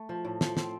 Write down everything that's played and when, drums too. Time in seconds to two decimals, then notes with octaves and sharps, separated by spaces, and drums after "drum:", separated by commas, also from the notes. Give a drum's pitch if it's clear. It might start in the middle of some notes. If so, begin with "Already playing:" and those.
Already playing: A3
0.09 F3
0.25 A2
0.41 F3, drum: snare
0.57 C4, drum: snare